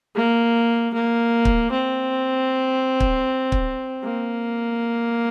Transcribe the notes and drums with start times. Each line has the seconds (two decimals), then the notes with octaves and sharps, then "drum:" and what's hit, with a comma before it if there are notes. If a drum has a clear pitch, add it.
0.16 A#3
0.94 A#3
1.45 drum: kick
1.71 C4
3.00 drum: kick
3.52 drum: kick
4.04 A#3